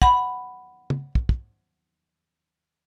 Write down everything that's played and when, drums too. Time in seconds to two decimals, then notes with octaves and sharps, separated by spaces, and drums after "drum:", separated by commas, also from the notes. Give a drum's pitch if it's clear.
0.02 F#5 B5, drum: kick
0.90 drum: tom
1.15 drum: kick
1.29 drum: kick